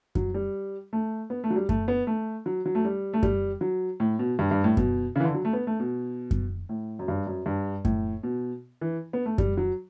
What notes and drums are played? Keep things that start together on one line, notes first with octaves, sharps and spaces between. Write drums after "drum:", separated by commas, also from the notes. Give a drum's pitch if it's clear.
F#3, drum: kick F#2
G3
A3
B3
A3
F#3
G3
A3, drum: kick F#2
B3
A3
F#3
F#3
A3
G3
A3
G3, drum: kick F#2
F#3
A2
B2
G2
G2
A2
B2, drum: kick F#2
C#3
E3
D3
F#3
A3
B3
A3
B2
drum: kick F#2
A2
F#2
G2
F#2
G2
A2, drum: kick F#2
B2
E3
B3
A3
G3, drum: kick F#2
F#3